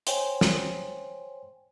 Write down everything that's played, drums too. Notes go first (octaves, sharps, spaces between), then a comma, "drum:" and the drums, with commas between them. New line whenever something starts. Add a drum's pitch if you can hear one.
C5 C#5 G5 G#5 C6, drum: hi-hat
drum: snare